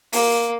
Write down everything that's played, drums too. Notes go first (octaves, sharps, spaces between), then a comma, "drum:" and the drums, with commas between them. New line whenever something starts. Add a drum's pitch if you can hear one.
A#3, drum: open hi-hat